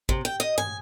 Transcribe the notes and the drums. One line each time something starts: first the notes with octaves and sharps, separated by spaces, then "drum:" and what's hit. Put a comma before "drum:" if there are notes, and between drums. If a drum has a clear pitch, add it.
C3, drum: kick
G5
D#5
G#5, drum: tom G2